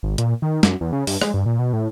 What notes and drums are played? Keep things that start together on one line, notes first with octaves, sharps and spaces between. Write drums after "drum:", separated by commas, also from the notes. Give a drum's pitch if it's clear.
G#1
A#2, drum: hi-hat
D#3
F#2, drum: snare
E2
C#3
G2, drum: open hi-hat
G#3, drum: rim click
G2
A#2
B2
A2